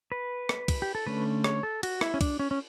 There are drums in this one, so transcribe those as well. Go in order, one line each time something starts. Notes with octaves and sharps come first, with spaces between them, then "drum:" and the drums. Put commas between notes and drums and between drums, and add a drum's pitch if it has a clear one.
B4
drum: rim click
drum: kick, cymbal
G4
A4
D3 A3 C#4 B4
C#5, drum: rim click
A4
F#4, drum: cymbal
E4, drum: rim click
C#4
D4, drum: kick, cymbal
C#4
C#4